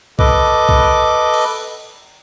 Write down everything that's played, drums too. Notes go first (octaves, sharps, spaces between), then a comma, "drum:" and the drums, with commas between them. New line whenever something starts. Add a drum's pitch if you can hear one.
A4 B4 D#5 D6, drum: kick B1
drum: kick B1
drum: cymbal